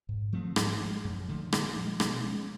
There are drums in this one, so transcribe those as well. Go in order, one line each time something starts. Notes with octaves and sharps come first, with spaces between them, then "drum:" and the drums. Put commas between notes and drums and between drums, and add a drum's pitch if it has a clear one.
G#2
F3 A3 C4
G#2, drum: rim click
F3 G#3
F#2
D3 F3 A3
A#2, drum: rim click
F3 G#3
B2, drum: rim click
G#3 C#4